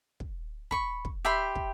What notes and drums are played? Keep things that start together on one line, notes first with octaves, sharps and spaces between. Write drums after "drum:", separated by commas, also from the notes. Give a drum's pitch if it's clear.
drum: kick
B5 C#6, drum: kick
drum: kick
G4 E5 B5 C6
drum: kick